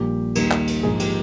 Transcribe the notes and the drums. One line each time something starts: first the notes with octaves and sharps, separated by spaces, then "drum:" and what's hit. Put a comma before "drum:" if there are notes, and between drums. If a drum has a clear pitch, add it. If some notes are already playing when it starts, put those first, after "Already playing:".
Already playing: A#1 A#2 G3 A#3 G4
D#2 D#3 G3 A#3, drum: cymbal
drum: clap
drum: cymbal
A#1 G#2 F3 A#3 G#4
G4, drum: cymbal